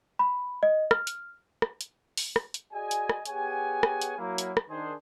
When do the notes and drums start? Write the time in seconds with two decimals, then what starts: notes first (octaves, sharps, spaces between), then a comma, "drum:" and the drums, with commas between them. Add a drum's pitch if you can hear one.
0.19 B5
0.63 D#5
0.91 F6, drum: rim click
1.07 drum: hi-hat
1.62 drum: rim click
1.81 drum: hi-hat
2.17 drum: open hi-hat
2.36 drum: rim click
2.54 drum: hi-hat
2.73 F#4 G#4 D5 D#5 G#5
2.91 drum: hi-hat
3.09 drum: rim click
3.26 B3 G4 G#4 C#5 F#5 G#5, drum: hi-hat
3.83 drum: rim click
4.02 drum: hi-hat
4.18 F#3 A#3 E4
4.38 drum: hi-hat
4.57 drum: rim click
4.69 D#3 D4 G#4 C5